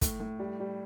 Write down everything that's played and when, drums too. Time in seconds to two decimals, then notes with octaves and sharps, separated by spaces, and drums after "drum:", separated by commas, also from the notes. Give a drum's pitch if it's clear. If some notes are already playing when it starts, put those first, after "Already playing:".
0.01 A2, drum: kick, hi-hat
0.20 A2
0.39 G3
0.60 G3